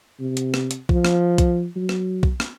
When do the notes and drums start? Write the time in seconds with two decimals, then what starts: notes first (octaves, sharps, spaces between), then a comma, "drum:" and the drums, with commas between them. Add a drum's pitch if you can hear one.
0.20 C3
0.37 drum: hi-hat
0.54 drum: rim click
0.71 drum: hi-hat
0.89 F3, drum: kick B1
1.05 drum: rim click
1.38 drum: kick B1, hi-hat
1.76 F#3
1.89 drum: rim click
2.23 drum: kick B1
2.40 drum: rim click